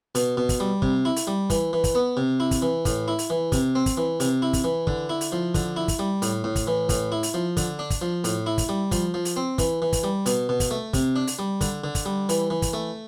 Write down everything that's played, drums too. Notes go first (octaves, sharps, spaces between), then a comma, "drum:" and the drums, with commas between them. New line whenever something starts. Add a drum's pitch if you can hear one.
B2, drum: open hi-hat
B2
drum: kick, open hi-hat
G3
C3, drum: kick
E4
drum: open hi-hat
G3
E3, drum: kick, open hi-hat
E3
drum: kick, open hi-hat
B3
C3
E4
drum: kick, open hi-hat
E3
A2, drum: kick, open hi-hat
E4
drum: open hi-hat
E3
C3, drum: kick, open hi-hat
C4
drum: kick, open hi-hat
E3
C3, drum: open hi-hat
E4
drum: kick, open hi-hat
E3
D3, drum: kick
E4
drum: open hi-hat
F3
D3, drum: kick, open hi-hat
E4
drum: kick, open hi-hat
G3
A2, drum: open hi-hat
A2
drum: kick, open hi-hat
E3
A2, drum: kick, open hi-hat
E4
drum: open hi-hat
F3
D3, drum: kick, open hi-hat
D4
drum: kick, open hi-hat
F3
A2, drum: open hi-hat
E4
drum: kick, open hi-hat
G3
F3, drum: kick, open hi-hat
F3
drum: open hi-hat
C4
E3, drum: kick, open hi-hat
E3
drum: kick, open hi-hat
G3
B2, drum: open hi-hat
B2
drum: kick, open hi-hat
A3
C3, drum: kick, open hi-hat
D4
drum: open hi-hat
G3
D3, drum: kick, open hi-hat
D3
drum: kick, open hi-hat
G3
E3, drum: open hi-hat
E3
drum: kick, open hi-hat
A3